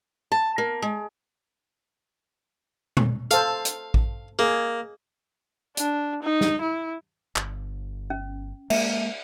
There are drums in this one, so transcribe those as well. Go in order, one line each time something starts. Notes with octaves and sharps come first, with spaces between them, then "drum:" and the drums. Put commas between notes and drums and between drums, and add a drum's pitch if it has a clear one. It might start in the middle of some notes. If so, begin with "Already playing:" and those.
A5
A#3
G#3
drum: tom
A4 C5 F5, drum: hi-hat
drum: hi-hat
drum: kick A1
A#3 G#4
D4, drum: hi-hat
D#4
drum: snare
E4
G1, drum: clap
C#4
G#3 A#3 E5, drum: cymbal